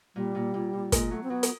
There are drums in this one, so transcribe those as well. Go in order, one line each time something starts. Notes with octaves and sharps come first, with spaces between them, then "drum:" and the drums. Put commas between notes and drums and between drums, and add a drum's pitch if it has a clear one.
A#2 G3
A#2
A#2
A#2
A#2 G#3, drum: kick, hi-hat
F#3 A3
C4
F#3 B3
drum: hi-hat